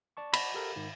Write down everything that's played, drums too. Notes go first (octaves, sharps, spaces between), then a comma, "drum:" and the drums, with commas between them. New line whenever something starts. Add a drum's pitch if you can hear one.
D5 A5 C#6
B5, drum: cymbal
G4 A4 A#4
G#2 D#3